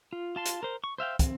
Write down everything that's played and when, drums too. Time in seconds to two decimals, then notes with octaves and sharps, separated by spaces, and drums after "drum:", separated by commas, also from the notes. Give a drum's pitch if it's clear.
0.13 F4
0.36 F4 A5 C6
0.46 drum: hi-hat
0.63 A#4 C5
0.84 C#6
0.98 C5 E5 F5 G5
1.19 C4, drum: kick, hi-hat